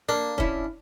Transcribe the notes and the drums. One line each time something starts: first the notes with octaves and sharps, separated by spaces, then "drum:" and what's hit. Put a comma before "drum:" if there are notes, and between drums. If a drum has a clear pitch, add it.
A#3 D4
C#4 E4, drum: kick